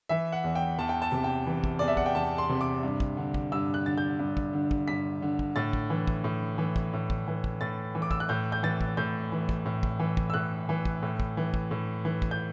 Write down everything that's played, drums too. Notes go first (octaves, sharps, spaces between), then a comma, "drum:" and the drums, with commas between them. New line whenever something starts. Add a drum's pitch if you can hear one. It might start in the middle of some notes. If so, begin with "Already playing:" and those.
E3 E5
F#5
E2
G5
E2 A5
G5
A5
C3
G5
E3
drum: kick
E2 D5
E5
F#5, drum: kick
G5
E2 A5
C6
C3
D6
G2
drum: kick
D3
drum: kick
G2 E6
F#6
D3 A6
G6
G2
drum: kick
D3
drum: kick
G2 B6
D3
drum: kick
A2 A6
drum: kick
E3
drum: kick
A2
E3
drum: kick
A2
drum: kick
E3
drum: kick
A2 A6
E3
D6
E6, drum: kick
F#6
A2 G6
G6
E3 A6
drum: kick
A2 G6
E3
drum: kick
A2
drum: kick
E3
drum: kick
E6
A2 F#6
E3
drum: kick
A2
drum: kick
E3
drum: kick
A2
E3
drum: kick
G6